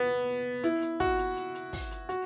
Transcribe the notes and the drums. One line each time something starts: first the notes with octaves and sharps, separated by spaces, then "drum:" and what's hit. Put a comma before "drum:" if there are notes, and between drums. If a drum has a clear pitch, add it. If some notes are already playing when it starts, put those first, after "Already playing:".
Already playing: B3
E4, drum: hi-hat
drum: hi-hat
F#4, drum: kick, hi-hat
drum: hi-hat
drum: hi-hat
drum: hi-hat
drum: kick, open hi-hat
drum: hi-hat
F#4, drum: hi-hat